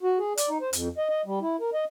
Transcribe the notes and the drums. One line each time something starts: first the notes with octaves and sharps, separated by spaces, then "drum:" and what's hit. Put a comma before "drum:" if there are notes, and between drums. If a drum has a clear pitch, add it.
F#4
G#4
D5, drum: hi-hat
D#4
C5
F2, drum: hi-hat
D#5
D#5
G3
E4
A#4
D#5